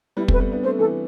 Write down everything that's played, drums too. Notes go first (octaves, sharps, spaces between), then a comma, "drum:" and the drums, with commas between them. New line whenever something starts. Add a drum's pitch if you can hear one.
G3 B3 E4
A3 C4 B4, drum: kick
G3 B3
B3 D4
A3 C4 C5
E3 A4